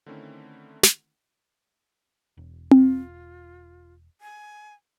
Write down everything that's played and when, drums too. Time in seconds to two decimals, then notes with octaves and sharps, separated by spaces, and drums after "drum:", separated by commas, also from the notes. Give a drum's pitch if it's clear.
0.06 D3 D#3 A3 C4 C#4 E4
0.83 drum: snare
2.37 E1
2.71 F4, drum: tom C4
4.21 G#5